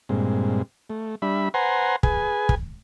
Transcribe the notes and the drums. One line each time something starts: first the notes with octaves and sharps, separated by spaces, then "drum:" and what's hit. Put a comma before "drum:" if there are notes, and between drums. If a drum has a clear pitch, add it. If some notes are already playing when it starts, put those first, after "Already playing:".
G2 A#2 G#3 C4
A3
G3 D4 E5 B5
B4 C5 F#5 G#5 A#5 C6
G#4 B4 G#5, drum: kick
drum: kick